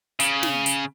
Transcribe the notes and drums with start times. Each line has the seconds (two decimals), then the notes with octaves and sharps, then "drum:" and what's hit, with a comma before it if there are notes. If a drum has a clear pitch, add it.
0.20 C#3, drum: hi-hat
0.43 drum: snare
0.66 drum: hi-hat